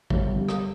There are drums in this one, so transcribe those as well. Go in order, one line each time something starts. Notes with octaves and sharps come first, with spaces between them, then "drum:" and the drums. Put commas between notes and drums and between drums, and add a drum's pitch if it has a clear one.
G1, drum: kick
G2
drum: rim click